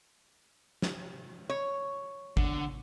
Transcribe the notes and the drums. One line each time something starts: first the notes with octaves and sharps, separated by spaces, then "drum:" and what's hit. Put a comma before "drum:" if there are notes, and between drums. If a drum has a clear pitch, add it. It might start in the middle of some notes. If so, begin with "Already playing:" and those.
drum: snare
C#5
D3, drum: kick G#1